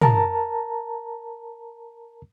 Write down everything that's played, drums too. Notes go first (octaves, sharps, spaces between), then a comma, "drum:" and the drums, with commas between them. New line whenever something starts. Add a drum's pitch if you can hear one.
A#4 A5 A#5, drum: tom